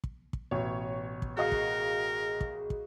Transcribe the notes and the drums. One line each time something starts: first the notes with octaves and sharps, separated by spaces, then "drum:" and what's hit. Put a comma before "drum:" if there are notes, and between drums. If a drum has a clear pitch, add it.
drum: kick
drum: kick
A1 B2 C#5
drum: kick
F#4 G#4 A#4 D#5 F5
drum: kick
drum: kick
drum: kick